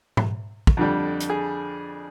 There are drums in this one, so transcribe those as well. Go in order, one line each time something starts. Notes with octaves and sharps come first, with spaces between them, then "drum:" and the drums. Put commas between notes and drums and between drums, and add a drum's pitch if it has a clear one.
drum: tom G#2
drum: kick
F2 D3 G3
drum: hi-hat
G#4